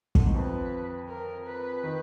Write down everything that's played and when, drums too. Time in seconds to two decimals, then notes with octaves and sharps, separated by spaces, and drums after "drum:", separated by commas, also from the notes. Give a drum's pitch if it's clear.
0.15 D3, drum: kick
0.25 D#3
0.34 F2 F3 B4
1.09 A#4
1.47 B4
1.84 D#3